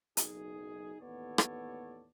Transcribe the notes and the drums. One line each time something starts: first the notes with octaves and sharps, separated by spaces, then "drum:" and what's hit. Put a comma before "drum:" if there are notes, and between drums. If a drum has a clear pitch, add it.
F#1 B1 D#4 G#4, drum: hi-hat
A1 D#2 B3 A4 C#5 D5
drum: rim click